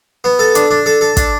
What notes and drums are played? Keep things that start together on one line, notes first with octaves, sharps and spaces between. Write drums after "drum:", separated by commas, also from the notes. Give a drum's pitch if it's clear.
B3
A4
D4, drum: hi-hat
D4
A4
A4
D4, drum: kick, hi-hat